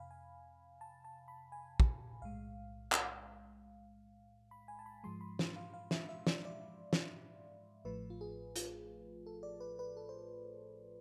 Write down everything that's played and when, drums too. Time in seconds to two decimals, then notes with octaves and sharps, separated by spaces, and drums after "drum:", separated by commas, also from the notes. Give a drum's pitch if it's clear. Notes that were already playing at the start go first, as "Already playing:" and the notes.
Already playing: F2 C3 F5 G#5 B5
0.11 G#5
0.81 A5
1.04 A5
1.28 B5
1.52 G#5
1.80 drum: kick
2.22 B1 A2 G#3 F5
2.92 F5, drum: clap
4.51 B5
4.68 G#5
4.79 A5
4.86 B5
5.04 G#2 F3 G#3 C6
5.21 B5
5.39 C6, drum: snare
5.56 F5
5.74 F5
5.91 E5, drum: snare
6.09 E5
6.27 D5, drum: snare
6.45 D5
6.93 drum: snare
7.85 A1 A2 F3 A3 B4
8.10 F4
8.21 G#4
8.56 F4, drum: hi-hat
9.26 A4
9.43 D5
9.60 B4
9.79 B4
9.97 A4
10.09 C5